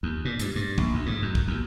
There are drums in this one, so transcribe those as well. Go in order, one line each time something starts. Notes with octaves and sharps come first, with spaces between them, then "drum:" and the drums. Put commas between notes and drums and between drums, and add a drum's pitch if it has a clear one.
D#2
A#2
G2, drum: hi-hat
G2
A#1, drum: kick
D2
G#2
F#2
drum: kick
D#2